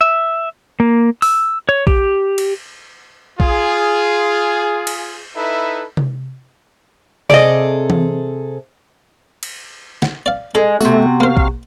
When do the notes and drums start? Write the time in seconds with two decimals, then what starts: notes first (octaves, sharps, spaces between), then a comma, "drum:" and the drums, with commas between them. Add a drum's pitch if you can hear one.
0.01 E5
0.80 A#3
1.22 E6, drum: open hi-hat
1.69 C#5
1.87 G4, drum: kick A#1
2.38 drum: cymbal
3.40 F4 G#4, drum: kick A#1
4.87 drum: cymbal
5.36 D#4 E4 A4 B4 E5
5.97 drum: tom C3
7.30 C3 G#4 A4 D5 D#5, drum: tom C3
7.90 drum: tom E3
9.43 drum: cymbal
10.02 F#5, drum: snare
10.26 D5 F5
10.55 G#3 A4 D#5
10.81 C3 A3 B3 F#4, drum: tambourine
11.20 A#3 C5 F5
11.37 drum: kick A#1